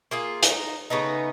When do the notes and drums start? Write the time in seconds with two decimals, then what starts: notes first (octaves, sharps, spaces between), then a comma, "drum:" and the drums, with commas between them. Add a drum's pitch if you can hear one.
0.11 A#3 F4 G#4
0.43 D#4, drum: hi-hat
0.90 C#3 A3 B3 D#4